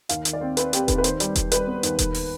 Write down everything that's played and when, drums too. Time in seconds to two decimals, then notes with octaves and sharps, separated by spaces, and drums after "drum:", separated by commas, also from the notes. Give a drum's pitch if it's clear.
0.09 D#2 F5, drum: hi-hat
0.25 D#3, drum: hi-hat
0.33 D5
0.41 C4
0.57 C4 B4, drum: hi-hat
0.73 C4 G4, drum: hi-hat
0.88 D#2 B4, drum: kick E1, hi-hat
0.98 B4
1.04 D#3 C5, drum: hi-hat
1.20 G3, drum: hi-hat
1.35 G3, drum: kick E1, hi-hat
1.52 G3 B4, drum: hi-hat
1.67 B3
1.83 D#2, drum: hi-hat
1.99 D#2, drum: kick E1, hi-hat
2.14 drum: open hi-hat